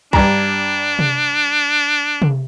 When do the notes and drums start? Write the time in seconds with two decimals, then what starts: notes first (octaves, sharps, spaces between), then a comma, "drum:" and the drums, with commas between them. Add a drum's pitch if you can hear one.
0.13 G2 D4 A#5, drum: kick
0.99 drum: tom C3
2.22 drum: tom C3